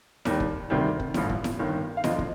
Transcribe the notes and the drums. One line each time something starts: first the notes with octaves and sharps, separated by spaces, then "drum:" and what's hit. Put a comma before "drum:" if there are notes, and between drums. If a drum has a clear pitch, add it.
D#2 D#3 G3, drum: snare E4
drum: kick
D2 C3 D#3 G3
drum: kick
A1 G2 F3, drum: snare E4
drum: kick
drum: snare E4
G1 G2 D#3
F5
D2 D3 F3 D#5, drum: snare E4
drum: kick